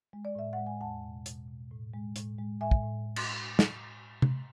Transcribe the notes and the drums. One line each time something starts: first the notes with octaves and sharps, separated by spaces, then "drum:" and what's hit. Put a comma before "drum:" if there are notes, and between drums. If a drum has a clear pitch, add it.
G#3
D5
A2 E5
F#5
G#3
G#5
E2 F#5 A5
B2
B2, drum: hi-hat
B2
A2
G#3
A2, drum: hi-hat
G#3
A2 E5 G#5
drum: kick
A2
A2
drum: cymbal
drum: snare
drum: tom C3